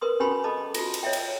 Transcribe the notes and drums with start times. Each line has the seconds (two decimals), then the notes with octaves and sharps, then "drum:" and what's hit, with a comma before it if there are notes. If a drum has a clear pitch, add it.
0.01 A#4 B4 C6 D#6
0.20 C#4 F#4 G4 G#5 B5 C6
0.44 A4 D#5 A5 B5 D6
0.74 F4 F#4, drum: cymbal
0.94 drum: cymbal
1.03 C#5 D#5 E5 G5
1.13 drum: cymbal